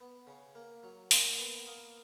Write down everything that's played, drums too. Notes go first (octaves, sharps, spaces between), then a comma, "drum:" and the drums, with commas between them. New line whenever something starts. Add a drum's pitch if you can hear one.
B3
C#3
A#3
F#3
A#2 C#6, drum: open hi-hat
B3
A#3 D#6